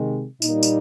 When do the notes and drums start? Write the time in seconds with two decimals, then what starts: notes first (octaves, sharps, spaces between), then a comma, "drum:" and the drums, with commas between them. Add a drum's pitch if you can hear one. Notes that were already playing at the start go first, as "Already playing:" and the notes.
Already playing: C3 D#3 G#3
0.42 A#2 G3 A#3 D#4, drum: tambourine
0.63 drum: tambourine